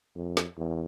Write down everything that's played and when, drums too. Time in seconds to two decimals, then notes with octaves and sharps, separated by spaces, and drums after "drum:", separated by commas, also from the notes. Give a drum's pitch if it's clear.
0.15 F2
0.37 drum: snare
0.57 E2